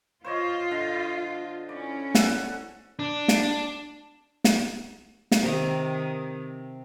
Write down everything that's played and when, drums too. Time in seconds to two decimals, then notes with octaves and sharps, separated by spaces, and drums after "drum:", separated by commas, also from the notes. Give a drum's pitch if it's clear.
0.24 F4 C5 C#5 D#5
0.71 D3 D#5
1.69 C#4 E4 D5
2.15 A4 F#5, drum: snare
2.99 D4
3.28 drum: snare
4.44 drum: snare
5.31 drum: snare
5.43 C3 D#3 A#4 A#5